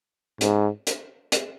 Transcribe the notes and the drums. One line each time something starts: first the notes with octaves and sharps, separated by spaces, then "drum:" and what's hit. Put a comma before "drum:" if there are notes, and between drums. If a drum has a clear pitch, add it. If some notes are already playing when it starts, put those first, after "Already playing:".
G#2, drum: hi-hat
drum: hi-hat
drum: hi-hat